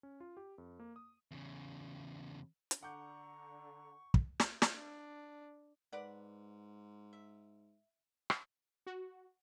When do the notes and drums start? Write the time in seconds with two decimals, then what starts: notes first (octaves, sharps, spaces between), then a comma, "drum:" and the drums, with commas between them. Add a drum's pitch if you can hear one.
0.03 C#4
0.20 F4
0.37 G4
0.58 F2
0.79 A#3
0.96 D#6
1.31 E2 C#3
2.71 drum: hi-hat
2.83 D3 F#5 A#5 C#6 D6 G6
4.14 drum: kick
4.40 drum: snare
4.62 drum: snare
4.74 D4
5.93 G#2 B4 D5 F#5
7.13 E5
8.30 drum: rim click
8.87 F#4